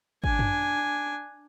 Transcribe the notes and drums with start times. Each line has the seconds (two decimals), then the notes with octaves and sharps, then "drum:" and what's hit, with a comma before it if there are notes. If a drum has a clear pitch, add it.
0.24 D4 G#5, drum: kick G#1
0.39 drum: tom F#2